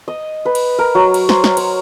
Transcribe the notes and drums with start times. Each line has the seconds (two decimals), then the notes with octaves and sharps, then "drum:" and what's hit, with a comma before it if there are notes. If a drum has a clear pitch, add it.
0.08 D#5
0.45 B4
0.55 drum: cymbal
0.79 A#4
0.95 F#3
1.14 drum: cymbal
1.29 C5, drum: snare
1.44 drum: snare
1.57 C#5, drum: cymbal